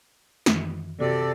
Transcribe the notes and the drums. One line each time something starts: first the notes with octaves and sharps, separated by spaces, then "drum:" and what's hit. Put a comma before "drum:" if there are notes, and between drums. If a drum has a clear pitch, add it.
F#2 D#3 E3, drum: snare
C3 F#4 A4 D5